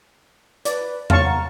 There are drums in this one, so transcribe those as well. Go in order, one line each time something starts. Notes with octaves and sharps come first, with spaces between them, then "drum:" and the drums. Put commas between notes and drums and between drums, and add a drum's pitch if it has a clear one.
B4 D5, drum: hi-hat
C#5 F5 A5 C#6, drum: tom E2
F#5 A#5